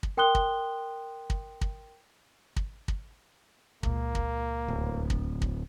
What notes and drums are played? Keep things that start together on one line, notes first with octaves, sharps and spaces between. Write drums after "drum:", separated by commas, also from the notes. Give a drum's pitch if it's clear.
drum: kick
A#4 G5 C6 D#6 F#6 G7
drum: kick
drum: kick
drum: kick
drum: kick
drum: kick
C#2 A#2 A#3, drum: kick
drum: kick
D1
drum: kick
drum: kick